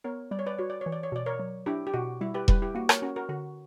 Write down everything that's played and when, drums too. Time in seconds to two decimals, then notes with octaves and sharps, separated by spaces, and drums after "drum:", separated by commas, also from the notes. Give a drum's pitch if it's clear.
0.04 B3 A#4 C#5
0.31 G3 D5
0.39 C#5
0.46 B4 D5
0.59 F#4 C#5
0.70 D5
0.81 E3 C#5
0.92 D5
1.03 C#5
1.12 B2 D5
1.26 A#4 C#5
1.39 F#3
1.66 D4 E4 G4
1.87 G4
1.94 B2 F#4
2.21 G3 E4
2.34 G4 B4
2.48 G3 G4 B4, drum: kick E1
2.62 E4 G4
2.75 A#3 F#4
2.89 A#4 C#5, drum: rim click
3.02 C#4 F#4 A#4
3.16 F#4 A#4
3.29 D3 F#4